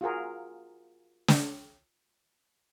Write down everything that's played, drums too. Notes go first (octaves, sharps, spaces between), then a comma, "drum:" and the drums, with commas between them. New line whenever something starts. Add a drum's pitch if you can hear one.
F4 F#4 G#4 A#4
drum: snare